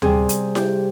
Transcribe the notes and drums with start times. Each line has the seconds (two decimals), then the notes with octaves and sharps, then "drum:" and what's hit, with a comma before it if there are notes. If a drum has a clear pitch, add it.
0.02 C3 G3 C4 G#4, drum: tom D2
0.29 drum: hi-hat
0.55 G4, drum: snare E4